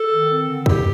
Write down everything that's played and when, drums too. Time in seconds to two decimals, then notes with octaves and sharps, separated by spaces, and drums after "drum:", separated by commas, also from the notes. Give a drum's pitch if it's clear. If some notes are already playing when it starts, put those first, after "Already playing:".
Already playing: A4
0.11 D#3
0.29 C4
0.48 D3
0.66 D3 G4, drum: kick